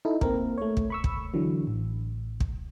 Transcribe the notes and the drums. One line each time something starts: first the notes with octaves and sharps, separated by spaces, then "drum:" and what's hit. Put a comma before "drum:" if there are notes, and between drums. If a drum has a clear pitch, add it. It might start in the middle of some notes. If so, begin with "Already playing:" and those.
D#4 E4 A4
A#3 C4 A#4, drum: kick
A3 C#5
drum: kick
B5 C#6 E6
drum: kick
D3 E3 F#3
A1
drum: kick